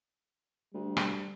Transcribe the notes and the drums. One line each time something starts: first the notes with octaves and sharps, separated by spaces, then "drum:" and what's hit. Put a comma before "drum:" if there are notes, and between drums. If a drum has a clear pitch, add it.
D2 G3
drum: rim click